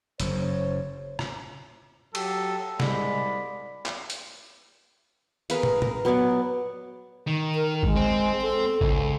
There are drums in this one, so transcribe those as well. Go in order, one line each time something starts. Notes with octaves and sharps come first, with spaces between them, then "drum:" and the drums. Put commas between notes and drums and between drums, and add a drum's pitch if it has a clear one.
F#1 F#2 C5 C#5, drum: hi-hat
drum: rim click
F#3 G4 A4, drum: cymbal
C2 G#3 D5 B5, drum: snare
drum: clap
drum: hi-hat
G#4 A#4 B4 F5, drum: hi-hat
drum: tom
A#4, drum: tom
F#3 B3 C#5 D5
D#3
A#4
G#3, drum: kick G#1
C4
A4
C#2, drum: kick G#1